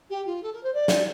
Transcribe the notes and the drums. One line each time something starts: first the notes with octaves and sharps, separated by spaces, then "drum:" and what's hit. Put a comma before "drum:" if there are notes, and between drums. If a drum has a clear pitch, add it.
G4
F4
A4
A#4
C5
D5
drum: snare